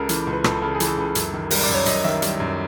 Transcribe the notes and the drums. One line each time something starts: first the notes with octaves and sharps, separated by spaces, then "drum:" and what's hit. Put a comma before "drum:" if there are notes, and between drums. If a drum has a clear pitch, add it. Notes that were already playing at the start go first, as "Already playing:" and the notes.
Already playing: C#2 C#3 A4 A#4
E3, drum: hi-hat
C#2
B4
C#2 A4, drum: rim click
C#3 A4
G#4
E3, drum: hi-hat
A4
C#2
F#2, drum: hi-hat
D#3
G3 A#4, drum: open hi-hat
D5
F#2
C#5
F#2 D#5, drum: hi-hat
D#3 E5
G3, drum: hi-hat
F#2